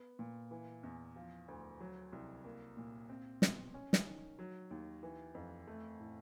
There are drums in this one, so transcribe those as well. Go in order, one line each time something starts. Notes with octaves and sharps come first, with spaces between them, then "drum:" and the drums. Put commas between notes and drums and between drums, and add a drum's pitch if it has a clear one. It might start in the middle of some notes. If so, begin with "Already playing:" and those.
Already playing: B3
A#2
E3
E2
F3
D2
F#3
C2
A#3
A#2
C4
B2, drum: snare
C#4
drum: snare
D#3
F#3
D#2
E3
F2
A3
A2